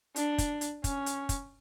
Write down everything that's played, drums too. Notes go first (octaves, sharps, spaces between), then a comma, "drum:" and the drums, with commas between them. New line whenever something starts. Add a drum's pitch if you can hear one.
D4, drum: hi-hat
drum: kick, hi-hat
drum: hi-hat
C#4, drum: kick, hi-hat
drum: hi-hat
drum: kick, hi-hat